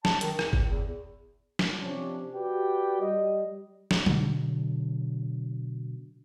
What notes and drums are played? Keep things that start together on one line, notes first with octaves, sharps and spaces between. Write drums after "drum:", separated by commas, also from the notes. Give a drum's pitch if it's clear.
A5, drum: snare
D#3, drum: hi-hat
E2, drum: rim click
A2, drum: kick G1
E2
drum: snare
C3 F3 C#4 D4
F#4 G4 B4 D5 G5
G3 D#5
drum: snare
B2 D3 F#3, drum: tom F#3